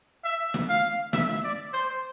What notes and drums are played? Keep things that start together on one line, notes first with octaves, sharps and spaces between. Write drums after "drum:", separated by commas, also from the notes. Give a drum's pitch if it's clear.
E5
drum: snare
F5
E5, drum: snare
D5
C5